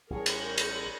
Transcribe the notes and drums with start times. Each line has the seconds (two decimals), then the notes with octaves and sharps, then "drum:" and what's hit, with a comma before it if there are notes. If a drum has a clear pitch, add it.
0.10 A1 A2 G3 G#4 A#4 C#5
0.26 drum: cymbal
0.58 drum: cymbal